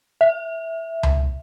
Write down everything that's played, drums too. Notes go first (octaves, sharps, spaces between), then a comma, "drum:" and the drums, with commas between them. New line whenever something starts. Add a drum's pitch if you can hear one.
E5
drum: tom C#2